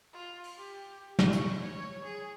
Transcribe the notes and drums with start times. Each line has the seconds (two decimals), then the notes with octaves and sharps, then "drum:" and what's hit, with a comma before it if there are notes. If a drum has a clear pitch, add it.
0.14 F4
0.44 drum: open hi-hat
0.58 G4
1.19 drum: snare
1.33 C#6, drum: hi-hat
1.61 C#5
2.04 G#4